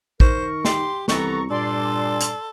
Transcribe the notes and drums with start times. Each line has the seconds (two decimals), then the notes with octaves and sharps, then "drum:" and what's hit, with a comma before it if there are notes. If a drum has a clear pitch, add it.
0.20 D#3 A#4 C5 C#6, drum: kick A1
0.65 G4 C6, drum: snare
1.08 C2 E3 B3 A4 A#5 C#6, drum: snare
1.50 G2 A#2 A4 D5 C6
2.21 drum: hi-hat